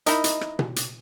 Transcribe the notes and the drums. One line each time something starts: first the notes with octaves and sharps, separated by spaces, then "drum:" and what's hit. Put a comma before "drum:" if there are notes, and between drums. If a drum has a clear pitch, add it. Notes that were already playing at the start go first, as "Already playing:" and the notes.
D#4 E4 A#4 D#5, drum: hi-hat
drum: hi-hat
drum: rim click
drum: tom B2
drum: hi-hat